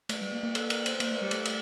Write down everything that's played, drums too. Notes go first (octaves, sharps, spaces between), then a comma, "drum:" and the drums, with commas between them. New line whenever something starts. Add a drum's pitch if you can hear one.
A3, drum: cymbal
G3
A#3
A#3
A4, drum: cymbal
A#4, drum: cymbal
C5, drum: cymbal
A#3 C5, drum: cymbal
A3 A#4
G3 G4
A3 A4, drum: cymbal
D5, drum: cymbal